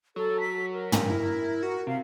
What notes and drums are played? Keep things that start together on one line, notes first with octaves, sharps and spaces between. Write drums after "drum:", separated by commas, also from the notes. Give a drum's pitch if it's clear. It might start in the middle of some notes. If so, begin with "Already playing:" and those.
F#3 A4
B6
A#4
drum: tom
E4
F#4
C3 F5